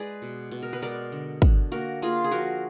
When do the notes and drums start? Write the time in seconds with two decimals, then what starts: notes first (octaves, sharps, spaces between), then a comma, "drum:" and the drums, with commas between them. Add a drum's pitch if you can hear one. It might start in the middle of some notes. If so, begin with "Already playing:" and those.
Already playing: G#3 G#4 B4 D5
0.22 B2
0.51 B2
0.63 A#4
0.73 B4
0.82 G#3 A#4 D5
1.12 D3
1.42 D3, drum: kick
1.72 A#3 F#4 A#4
2.02 A#3 F4 G#4
2.24 G#4
2.32 F3 F#4 A#4